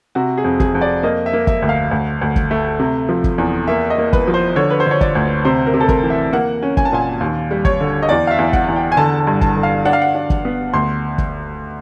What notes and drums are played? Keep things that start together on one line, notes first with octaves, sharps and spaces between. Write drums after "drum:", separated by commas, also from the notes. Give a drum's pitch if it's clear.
C3 F#4
G#4
F2
G#4, drum: kick
F2
D5
A#3 D#5
E5
A#3
E5, drum: kick
D2
F5
D2
D2
drum: kick
A3
C3
F3
drum: kick
E2
A#3 E5
D#5
A#3
B4, drum: kick
F3
C5
D3 C#5
B4
C5
D3 C#5
D5, drum: kick
D2
C3 C5
A#4
C3
A4
A#4, drum: kick
E3
E5
A#3 F#5
C#4
G#5, drum: kick
A5
A#2 G#5
D#2
G3
C#5, drum: kick
D3
D#5
E2 D5
F5
E5
E2
F#5, drum: kick
E2
G5
G#5
D3 A5
A5
G2
A5, drum: kick
D3
F5
D4 F#5
F5
F#5
D4
drum: kick
B3
D2 C6
drum: kick